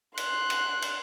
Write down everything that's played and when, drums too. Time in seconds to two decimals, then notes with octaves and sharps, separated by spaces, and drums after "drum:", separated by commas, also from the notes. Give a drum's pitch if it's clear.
0.17 C6 F#6, drum: cymbal
0.50 drum: cymbal
0.82 drum: cymbal